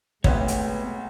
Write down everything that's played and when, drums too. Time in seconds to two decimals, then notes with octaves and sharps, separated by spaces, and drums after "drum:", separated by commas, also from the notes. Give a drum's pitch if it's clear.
0.24 B1 C3 G#3 A3 B3 B4 C#5, drum: kick
0.48 drum: hi-hat